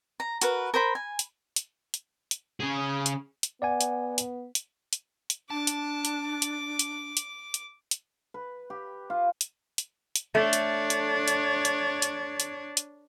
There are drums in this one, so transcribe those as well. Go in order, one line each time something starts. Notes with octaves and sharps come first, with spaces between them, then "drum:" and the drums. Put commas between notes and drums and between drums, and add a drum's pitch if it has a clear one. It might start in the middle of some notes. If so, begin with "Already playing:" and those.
A#5
F#4 A#4 B4, drum: hi-hat
A#4 C5 B5
G#5
drum: hi-hat
drum: hi-hat
drum: hi-hat
drum: hi-hat
C#3 G#4
drum: hi-hat
drum: hi-hat
B3 D5 F#5 G#5
drum: hi-hat
drum: hi-hat
drum: hi-hat
drum: hi-hat
drum: hi-hat
D4 A5 D6
drum: hi-hat
drum: hi-hat
drum: hi-hat
drum: hi-hat
drum: hi-hat
drum: hi-hat
drum: hi-hat
B4
G4
F4
drum: hi-hat
drum: hi-hat
drum: hi-hat
A3 D4 C#5
drum: hi-hat
drum: hi-hat
drum: hi-hat
drum: hi-hat
drum: hi-hat
drum: hi-hat
drum: hi-hat